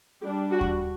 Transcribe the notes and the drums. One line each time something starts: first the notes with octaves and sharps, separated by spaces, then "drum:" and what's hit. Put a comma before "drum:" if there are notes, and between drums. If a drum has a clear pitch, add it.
G3 D4 G4
F#4
drum: kick D#2